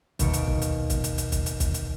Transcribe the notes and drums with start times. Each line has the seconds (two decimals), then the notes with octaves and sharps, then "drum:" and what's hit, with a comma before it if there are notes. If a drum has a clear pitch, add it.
0.19 D#2 B2 D#3 C#7 D7, drum: kick, hi-hat
0.33 drum: hi-hat
0.47 drum: kick
0.62 drum: hi-hat
0.90 drum: kick, hi-hat
1.04 drum: hi-hat
1.18 drum: hi-hat
1.32 drum: kick, hi-hat
1.46 drum: hi-hat
1.60 drum: kick, hi-hat
1.74 drum: hi-hat